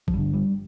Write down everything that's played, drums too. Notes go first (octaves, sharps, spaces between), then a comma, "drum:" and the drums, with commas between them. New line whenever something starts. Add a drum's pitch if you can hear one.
F3, drum: kick A1
G1 G2 D3 G3
G3